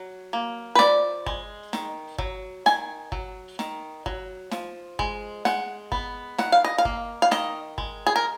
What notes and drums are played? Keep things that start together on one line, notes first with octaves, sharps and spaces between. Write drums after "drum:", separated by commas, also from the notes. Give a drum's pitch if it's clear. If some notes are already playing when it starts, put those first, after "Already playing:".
Already playing: F#3
A#3
B4
F3 D5, drum: snare
G#3, drum: kick
D#3, drum: snare
F#3, drum: kick
D#3 G#5, drum: snare
F#3, drum: kick
D#3, drum: snare
F#3, drum: kick
F3, drum: snare
G#3, drum: kick
G#3 F#5, drum: snare
B3, drum: kick
D#3 F#5, drum: snare
F5
D#5
F5
A#3, drum: kick
F5
D#3 D#5, drum: snare
G#3, drum: kick
G#4
A#4